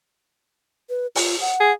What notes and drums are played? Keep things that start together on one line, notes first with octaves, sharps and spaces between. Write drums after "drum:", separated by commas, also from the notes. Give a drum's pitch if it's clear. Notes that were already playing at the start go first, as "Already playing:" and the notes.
B4
F4, drum: open hi-hat
F#5
G#4